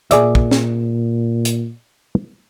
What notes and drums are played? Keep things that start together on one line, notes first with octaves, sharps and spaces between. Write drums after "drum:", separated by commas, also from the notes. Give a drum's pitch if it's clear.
A#2 G#4 D5 E5, drum: hi-hat
drum: kick
drum: snare
drum: hi-hat